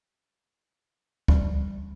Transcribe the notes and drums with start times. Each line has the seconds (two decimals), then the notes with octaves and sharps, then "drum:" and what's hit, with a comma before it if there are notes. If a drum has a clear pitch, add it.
1.28 G3, drum: kick